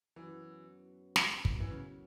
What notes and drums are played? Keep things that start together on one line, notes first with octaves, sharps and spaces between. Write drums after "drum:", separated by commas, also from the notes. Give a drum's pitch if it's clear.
F#2 E3 F#3 B3 F#4
drum: snare
drum: kick
E3
C#3